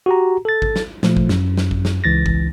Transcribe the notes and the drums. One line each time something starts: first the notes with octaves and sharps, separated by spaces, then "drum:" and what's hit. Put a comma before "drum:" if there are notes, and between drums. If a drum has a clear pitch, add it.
F#4 G4 A#5
A4 A6
drum: kick G#1
drum: snare
A#2 F3 A3, drum: snare
drum: kick G#1
F#2, drum: snare
drum: snare
drum: kick G#1
drum: snare
C#2 E3 A6 A#6
drum: kick G#1